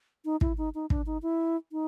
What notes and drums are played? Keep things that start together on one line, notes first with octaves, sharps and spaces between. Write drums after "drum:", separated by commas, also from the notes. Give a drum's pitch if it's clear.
D#4
E4, drum: kick
D#4
D#4
D4, drum: kick
D#4
E4
D#4